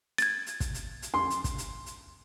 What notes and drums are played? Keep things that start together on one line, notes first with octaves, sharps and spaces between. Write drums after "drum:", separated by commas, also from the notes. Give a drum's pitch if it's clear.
G#6 A6, drum: hi-hat
drum: hi-hat
drum: kick, hi-hat
drum: hi-hat
drum: hi-hat
C6
drum: hi-hat
drum: kick, hi-hat
drum: hi-hat
drum: hi-hat